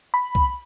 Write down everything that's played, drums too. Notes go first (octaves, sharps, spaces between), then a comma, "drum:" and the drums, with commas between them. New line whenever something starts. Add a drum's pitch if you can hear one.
B5
drum: kick C2